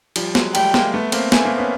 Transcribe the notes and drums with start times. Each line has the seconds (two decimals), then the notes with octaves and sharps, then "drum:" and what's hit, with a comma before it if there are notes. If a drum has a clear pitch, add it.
0.16 F3 G3, drum: cymbal
0.35 F#3 G#3, drum: snare
0.55 G3 A3 G5, drum: cymbal
0.74 G#3 A#3, drum: snare
0.94 A3 B3
1.12 A#3 C4, drum: cymbal
1.32 A3 B3 G#5, drum: snare
1.45 A#3 C4
1.58 B3 C#4